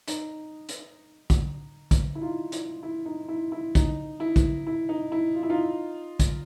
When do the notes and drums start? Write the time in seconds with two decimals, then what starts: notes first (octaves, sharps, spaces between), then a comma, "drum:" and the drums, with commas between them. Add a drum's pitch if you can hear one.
0.08 D#4, drum: hi-hat
0.69 drum: hi-hat
1.30 drum: kick, hi-hat
1.91 drum: kick, hi-hat
2.15 E4
2.21 D#4 F4
2.52 E4, drum: hi-hat
2.83 E4
3.06 D#4
3.28 E4
3.52 E4
3.75 D#4, drum: kick, hi-hat
4.20 E4
4.36 drum: kick, hi-hat
4.67 E4
4.89 D#4
5.12 E4
5.35 F4
5.43 E4
5.50 D#4 F4
6.20 drum: kick, hi-hat